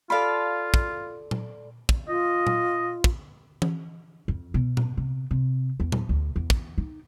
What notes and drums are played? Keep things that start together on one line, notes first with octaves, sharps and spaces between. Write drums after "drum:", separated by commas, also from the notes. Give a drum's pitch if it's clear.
F4 A4 D5 F5 B5 C6
drum: kick
drum: tom A#2
drum: kick
F4 D#5
drum: tom A#2
drum: kick
drum: tom E3
F2
B2
drum: tom A#2
C3
C3
E2
drum: tom A#2
D2
E2
drum: kick
D#4